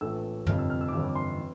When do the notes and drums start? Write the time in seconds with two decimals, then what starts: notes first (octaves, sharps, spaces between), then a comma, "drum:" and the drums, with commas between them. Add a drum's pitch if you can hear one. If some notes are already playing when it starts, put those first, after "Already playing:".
0.01 A#1 A2 E3 A3 E6
0.46 G1 F2 C3 F6, drum: tom
0.59 E6
0.70 F6
0.81 E6
0.88 D6
0.92 G1 F2 E3 E6
1.05 D6
1.15 C6
1.38 E3